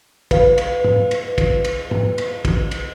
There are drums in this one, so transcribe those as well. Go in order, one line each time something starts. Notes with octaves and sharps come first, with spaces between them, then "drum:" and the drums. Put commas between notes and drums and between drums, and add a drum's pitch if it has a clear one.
B4 F5, drum: kick, cymbal
drum: cymbal
drum: tom
drum: cymbal
drum: kick, cymbal
drum: cymbal
drum: tom
drum: cymbal
drum: kick, cymbal
drum: cymbal